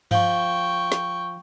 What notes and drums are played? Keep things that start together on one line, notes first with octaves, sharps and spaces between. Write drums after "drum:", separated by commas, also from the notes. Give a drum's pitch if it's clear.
F3 G5 C#6, drum: tom G2
drum: snare